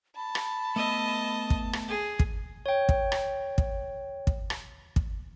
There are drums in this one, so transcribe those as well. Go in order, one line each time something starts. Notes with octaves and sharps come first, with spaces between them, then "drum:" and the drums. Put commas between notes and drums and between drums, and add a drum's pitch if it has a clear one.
A5 B5
drum: rim click
A3 B3 D#5 E5
drum: kick
drum: rim click
G#4
drum: kick
C#5 G5
drum: kick
drum: rim click
drum: kick
drum: kick
drum: rim click
drum: kick